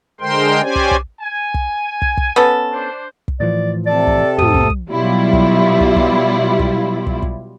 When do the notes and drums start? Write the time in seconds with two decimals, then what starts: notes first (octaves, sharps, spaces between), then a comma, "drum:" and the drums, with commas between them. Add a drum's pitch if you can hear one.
0.21 D3 G#3 A#4 C5 G5 C6
0.62 C#4 G4 C5 D5 G#5
0.76 drum: kick
0.91 drum: kick
1.21 G#5
1.54 drum: kick
2.02 drum: kick
2.18 drum: kick
2.36 B3 C#4 A4
2.72 D4 C5
3.28 drum: kick
3.40 A2 E3 F3 D5
3.86 C3 A4 D5
4.07 drum: kick
4.38 F2 A2 D#6, drum: tom
4.54 drum: kick
4.70 drum: kick
4.91 B2 F#3 G3 E4 F4
5.33 drum: kick
5.80 drum: kick
5.96 drum: kick
6.59 drum: kick
7.07 drum: kick
7.22 drum: kick